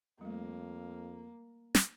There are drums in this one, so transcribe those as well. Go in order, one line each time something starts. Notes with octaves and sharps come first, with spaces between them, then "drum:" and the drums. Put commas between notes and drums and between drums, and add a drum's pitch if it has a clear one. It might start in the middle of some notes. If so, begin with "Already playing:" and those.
F2 G3 A3 A#3
drum: snare